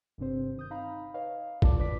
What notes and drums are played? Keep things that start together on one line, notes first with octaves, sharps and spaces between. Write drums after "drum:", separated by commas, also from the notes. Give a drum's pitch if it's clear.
G1 G2 C3 C4 C5
D#3 D#6 G6
D#4 F5 A#5 B5
B4 C#5 D#5 F5
F4 D5 A5 D6, drum: kick A1
B2 D3 B4 D5 D6 B6